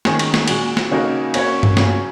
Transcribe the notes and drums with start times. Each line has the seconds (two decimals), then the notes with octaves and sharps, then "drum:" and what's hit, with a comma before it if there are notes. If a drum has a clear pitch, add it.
0.05 D#3 G#3 C#4 G#4, drum: snare
0.19 drum: cymbal
0.34 drum: snare
0.48 A#2 G#3 F#4, drum: cymbal
0.77 drum: snare
0.91 C#3 A#3 D#4 F#4 A#4
1.34 A#3 C#4 F#4 C#5, drum: cymbal
1.63 drum: tom G2
1.77 C#3 F#3 C#4, drum: snare